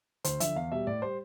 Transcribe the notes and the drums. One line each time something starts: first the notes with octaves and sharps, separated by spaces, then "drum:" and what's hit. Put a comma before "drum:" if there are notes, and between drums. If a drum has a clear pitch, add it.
D2 C5, drum: hi-hat
D3 F3 E5, drum: hi-hat
E2 F5
B2 G3 E5
A2 D5
G3 C5